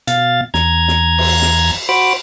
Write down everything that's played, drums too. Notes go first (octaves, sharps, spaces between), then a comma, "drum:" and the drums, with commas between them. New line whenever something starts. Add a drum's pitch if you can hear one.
B2 F5 A6, drum: hi-hat
E2 A#5 G#6, drum: snare
drum: snare
drum: cymbal
drum: snare
F#4 C5 B5 D6